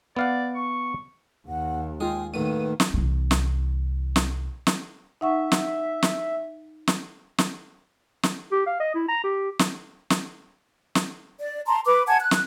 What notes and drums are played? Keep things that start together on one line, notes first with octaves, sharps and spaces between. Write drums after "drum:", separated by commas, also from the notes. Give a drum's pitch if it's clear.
B3 D5 F5 F#5
C#6
D#2 F#5
G#3 F4 G#4 G5 D#6
A2 D#3 F#3 A#3 B4 D#7
drum: snare
C2 E3
drum: snare
drum: snare
drum: snare
D#4 E5 F#5 C#6
drum: snare
drum: snare
drum: snare
drum: snare
drum: snare
G4
F5
D#5
E4
A#5
G4
drum: snare
drum: snare
drum: snare
D5
A5 A#5 C6
B4 D6
F#5 G#5 A5 G#6
F#6
drum: snare